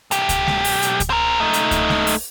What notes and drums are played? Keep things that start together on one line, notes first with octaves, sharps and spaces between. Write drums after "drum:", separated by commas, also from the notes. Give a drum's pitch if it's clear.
B1 G4, drum: hi-hat
drum: kick C#2, hi-hat
drum: snare G#3
drum: open hi-hat
drum: hi-hat
drum: kick C#2, hi-hat
C4 A#4
A3 D#4
drum: hi-hat
drum: kick C#2, hi-hat
drum: snare G#3
drum: open hi-hat